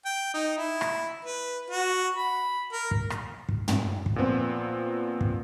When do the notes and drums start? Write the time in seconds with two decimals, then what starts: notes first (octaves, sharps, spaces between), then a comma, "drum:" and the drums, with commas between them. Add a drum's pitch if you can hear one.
0.05 G5
0.34 D#4
0.58 E4
0.81 drum: rim click
1.25 B4
1.70 F#4
2.16 B5
2.72 A#4
2.91 drum: kick
3.10 drum: rim click
3.49 drum: kick
3.68 drum: tom
4.06 drum: kick
4.16 A#2 F3 B3 C4
5.21 drum: kick